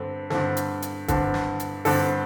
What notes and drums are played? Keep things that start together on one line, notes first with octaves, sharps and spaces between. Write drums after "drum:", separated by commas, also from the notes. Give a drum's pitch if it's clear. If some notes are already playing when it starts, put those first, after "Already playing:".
Already playing: G2 D3 C4 A4
G2 D3 C4 A4, drum: snare
drum: hi-hat
drum: hi-hat
G2 D3 C4 A4, drum: kick, hi-hat
drum: snare
drum: hi-hat
G2 D3 C4 A4, drum: open hi-hat